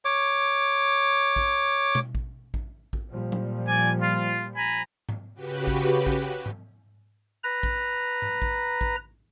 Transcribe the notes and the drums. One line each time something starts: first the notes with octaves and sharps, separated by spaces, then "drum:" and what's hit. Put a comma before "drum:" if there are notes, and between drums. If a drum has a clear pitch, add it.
C#5 D6
drum: kick A1
drum: tom B2
drum: kick A1
drum: kick A1
drum: kick A1
A#2 F3 G3
drum: tom F#3
D5 G#5
F4
G#5 A#5 B5
drum: tom G#2
C#3 F#4 G4 B4
drum: kick A1
drum: kick A1
drum: tom G#2
B4 A#5
drum: kick A1
drum: tom G#2
drum: kick A1
drum: kick A1